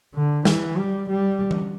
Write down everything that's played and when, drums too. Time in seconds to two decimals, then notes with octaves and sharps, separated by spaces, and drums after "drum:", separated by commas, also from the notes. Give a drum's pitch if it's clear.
0.14 D3
0.45 E3, drum: snare
0.77 G3
1.09 G3
1.51 drum: tom E3